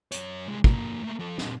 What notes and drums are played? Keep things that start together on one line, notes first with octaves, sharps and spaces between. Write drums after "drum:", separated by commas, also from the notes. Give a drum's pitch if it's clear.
F#2 C#5, drum: hi-hat
C2 G#3
F2 A#3, drum: kick
A3 A#3
F3 A4
A#2 C4, drum: snare